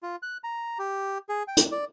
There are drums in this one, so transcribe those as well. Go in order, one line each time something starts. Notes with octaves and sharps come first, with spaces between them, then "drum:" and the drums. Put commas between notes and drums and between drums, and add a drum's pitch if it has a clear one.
F4
F#6
A#5
G4
G#4
G5
drum: hi-hat
D5